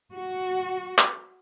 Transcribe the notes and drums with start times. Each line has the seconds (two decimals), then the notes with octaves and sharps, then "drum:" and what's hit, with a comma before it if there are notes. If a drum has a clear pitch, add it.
0.14 F#4
0.98 drum: clap